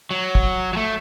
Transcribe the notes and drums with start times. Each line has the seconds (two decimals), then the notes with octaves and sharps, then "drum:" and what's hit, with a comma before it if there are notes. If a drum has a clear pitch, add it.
0.11 F#3
0.35 drum: kick
0.73 F#3
0.77 A3